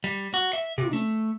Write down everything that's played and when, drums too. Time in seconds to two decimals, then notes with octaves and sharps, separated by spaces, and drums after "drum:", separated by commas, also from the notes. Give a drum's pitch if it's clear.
0.04 G3
0.34 F#4
0.53 E5
0.78 C3, drum: tom
0.93 A3